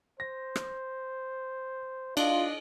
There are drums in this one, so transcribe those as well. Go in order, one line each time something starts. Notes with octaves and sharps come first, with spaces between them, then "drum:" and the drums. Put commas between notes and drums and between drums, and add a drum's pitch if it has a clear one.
C5 A#6
drum: rim click
D4 F4 D#5, drum: cymbal